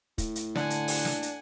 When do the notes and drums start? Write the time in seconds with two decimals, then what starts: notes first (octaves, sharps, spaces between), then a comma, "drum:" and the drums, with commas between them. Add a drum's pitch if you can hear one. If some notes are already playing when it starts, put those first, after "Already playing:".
0.18 A2, drum: kick, hi-hat
0.35 drum: hi-hat
0.56 D3 D4 F#5 G#5, drum: snare
0.70 drum: hi-hat
0.88 drum: open hi-hat
1.05 drum: snare
1.22 drum: hi-hat